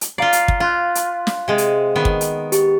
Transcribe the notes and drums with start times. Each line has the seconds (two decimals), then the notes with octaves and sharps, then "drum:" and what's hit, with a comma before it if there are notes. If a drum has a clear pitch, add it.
0.01 drum: hi-hat
0.18 F4 D5 F5 A#5 C7
0.33 drum: hi-hat
0.48 drum: kick
0.60 F4 F5 C6 F#6
0.95 drum: hi-hat
1.27 drum: snare
1.48 C3 G#3
1.58 drum: hi-hat
1.95 D#3 B3
2.05 drum: kick
2.21 drum: hi-hat
2.52 G4, drum: hi-hat